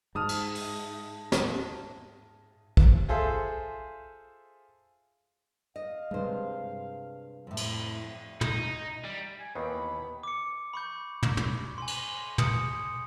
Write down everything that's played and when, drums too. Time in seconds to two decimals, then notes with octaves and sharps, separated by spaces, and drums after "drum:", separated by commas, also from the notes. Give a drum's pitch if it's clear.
0.15 G#2 A5 D#6 F6
0.29 drum: cymbal
0.55 drum: open hi-hat
1.32 drum: snare
2.77 drum: kick
3.08 F4 G#4 A4 C5 E5
5.76 D#5 F5
6.11 G2 C3 G#3 C5
7.47 F2 A2 E4
7.57 drum: cymbal
8.41 D#4, drum: tom
9.04 G3
9.40 G#5
9.55 D#2 D#3 E3 B3 B5
10.23 D6 C#7
10.73 B5 C#6 G6
11.23 drum: tom
11.37 drum: tom
11.78 G#5 C6
11.87 drum: cymbal
12.38 D#6 G6 C#7, drum: tom